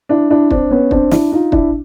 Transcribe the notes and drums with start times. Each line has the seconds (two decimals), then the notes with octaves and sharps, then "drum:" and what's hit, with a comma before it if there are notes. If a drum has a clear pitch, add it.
0.09 D4 E4
0.30 D4 E4
0.50 C4 D4, drum: kick
0.71 B3 C#4
0.91 C4 D4, drum: kick
1.11 D4 E4, drum: snare
1.32 D#4 F4
1.52 D4 E4, drum: kick